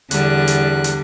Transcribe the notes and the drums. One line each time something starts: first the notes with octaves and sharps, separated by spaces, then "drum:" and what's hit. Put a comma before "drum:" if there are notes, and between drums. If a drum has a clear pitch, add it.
E2 D3 G3 F#6, drum: hi-hat
drum: hi-hat
drum: hi-hat